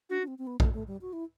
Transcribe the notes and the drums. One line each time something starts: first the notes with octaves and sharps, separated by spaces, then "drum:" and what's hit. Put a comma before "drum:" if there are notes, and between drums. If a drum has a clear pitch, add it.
D4 F#4
D4
C4
C4
B3
A3, drum: kick A#1
A3
G3
F#4
E4